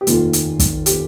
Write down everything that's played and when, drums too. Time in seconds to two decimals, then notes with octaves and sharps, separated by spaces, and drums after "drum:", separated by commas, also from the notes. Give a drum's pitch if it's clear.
0.01 G4
0.07 F1 D#2 D#3 F4, drum: hi-hat
0.33 drum: hi-hat
0.60 drum: kick, hi-hat
0.86 G4, drum: hi-hat